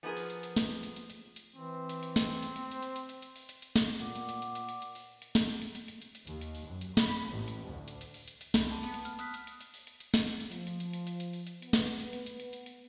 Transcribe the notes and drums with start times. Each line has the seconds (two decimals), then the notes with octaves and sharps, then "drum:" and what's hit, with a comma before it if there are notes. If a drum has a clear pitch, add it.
0.03 F3 B3 C#4 G#4 A#4
0.17 drum: open hi-hat
0.30 drum: hi-hat
0.43 drum: hi-hat
0.56 drum: snare
0.70 drum: hi-hat
0.83 drum: hi-hat
0.96 drum: hi-hat
1.10 drum: hi-hat
1.36 drum: hi-hat
1.56 E3 C4
1.89 drum: hi-hat
2.03 drum: hi-hat
2.16 drum: snare
2.29 drum: hi-hat
2.43 drum: hi-hat
2.56 drum: hi-hat
2.71 C5, drum: hi-hat
2.82 drum: hi-hat
2.96 drum: hi-hat
3.09 drum: hi-hat
3.22 drum: hi-hat
3.36 drum: open hi-hat
3.49 drum: hi-hat
3.62 drum: hi-hat
3.76 drum: snare
3.89 drum: hi-hat
3.99 A#2 F#5 D6, drum: hi-hat
4.15 drum: hi-hat
4.29 drum: hi-hat
4.42 drum: hi-hat
4.55 drum: hi-hat
4.69 drum: hi-hat
4.82 drum: hi-hat
4.95 drum: open hi-hat
5.22 drum: hi-hat
5.35 drum: snare
5.48 drum: hi-hat
5.62 drum: hi-hat
5.75 drum: hi-hat
5.88 drum: hi-hat
6.02 drum: hi-hat
6.15 drum: hi-hat
6.27 D#2, drum: hi-hat
6.41 drum: hi-hat
6.55 drum: open hi-hat
6.65 F#2
6.81 drum: hi-hat
6.97 B5, drum: snare
7.08 drum: hi-hat
7.30 A1
7.48 drum: hi-hat
7.66 D2
7.88 drum: hi-hat
8.01 drum: hi-hat
8.14 drum: open hi-hat
8.28 drum: hi-hat
8.41 drum: hi-hat
8.54 C2 B5, drum: snare
8.71 A5
8.83 B3, drum: hi-hat
8.94 drum: hi-hat
9.05 F6, drum: hi-hat
9.19 D#6 F#6 B6, drum: hi-hat
9.34 drum: hi-hat
9.47 drum: hi-hat
9.61 drum: hi-hat
9.74 drum: open hi-hat
9.87 drum: hi-hat
10.00 drum: hi-hat
10.14 drum: snare
10.27 drum: hi-hat
10.40 drum: hi-hat
10.52 F3, drum: hi-hat
10.67 drum: hi-hat
10.80 drum: hi-hat
10.93 drum: hi-hat
11.07 drum: hi-hat
11.20 drum: hi-hat
11.33 drum: open hi-hat
11.47 drum: hi-hat
11.62 B3, drum: hi-hat
11.73 drum: snare
11.87 drum: hi-hat
12.00 drum: hi-hat
12.13 drum: hi-hat
12.26 drum: hi-hat
12.40 drum: hi-hat
12.53 drum: hi-hat
12.66 drum: hi-hat